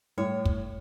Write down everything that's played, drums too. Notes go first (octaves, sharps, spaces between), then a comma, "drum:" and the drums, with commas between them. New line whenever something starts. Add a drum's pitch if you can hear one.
A2 G3 C#5
drum: kick